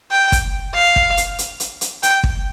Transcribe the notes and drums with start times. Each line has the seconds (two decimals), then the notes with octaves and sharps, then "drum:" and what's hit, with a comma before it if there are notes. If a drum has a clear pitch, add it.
0.11 G5
0.32 drum: kick, hi-hat
0.74 F5
0.96 drum: kick
1.17 drum: hi-hat
1.38 drum: hi-hat
1.60 drum: hi-hat
1.81 drum: hi-hat
2.03 G5, drum: hi-hat
2.24 drum: kick